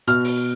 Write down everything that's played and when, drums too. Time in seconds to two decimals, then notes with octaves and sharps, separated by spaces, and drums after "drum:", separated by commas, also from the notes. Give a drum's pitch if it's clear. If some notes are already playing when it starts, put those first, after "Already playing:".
0.07 B2 F6, drum: hi-hat
0.24 drum: open hi-hat